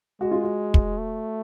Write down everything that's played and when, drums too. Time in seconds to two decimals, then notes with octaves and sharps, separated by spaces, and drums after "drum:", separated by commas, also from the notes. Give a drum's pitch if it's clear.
0.21 G#3 F#4
0.31 F4
0.42 F#4
0.74 drum: kick
0.98 A3